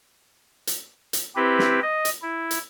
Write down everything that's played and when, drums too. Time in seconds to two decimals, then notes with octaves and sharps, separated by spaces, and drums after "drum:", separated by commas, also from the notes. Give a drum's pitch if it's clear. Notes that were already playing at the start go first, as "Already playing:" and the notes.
0.67 drum: hi-hat
1.13 drum: hi-hat
1.36 C4 E4 G4 B4
1.59 drum: snare
1.82 D#5
2.05 drum: hi-hat
2.22 E4
2.51 drum: hi-hat